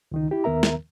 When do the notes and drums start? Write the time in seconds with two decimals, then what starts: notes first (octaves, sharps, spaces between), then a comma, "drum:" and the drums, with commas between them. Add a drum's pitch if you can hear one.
0.12 C#2 D#3 D#4
0.31 E4 G4
0.44 D#2 D#3 B3 A#4 E5 A#5
0.63 drum: snare